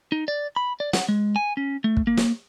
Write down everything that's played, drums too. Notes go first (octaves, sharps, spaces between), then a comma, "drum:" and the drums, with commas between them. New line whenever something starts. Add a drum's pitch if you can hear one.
D#4
D5
B5
D5
F#5, drum: snare
G#3
G#5
C#4
A3
drum: kick
A#3
drum: snare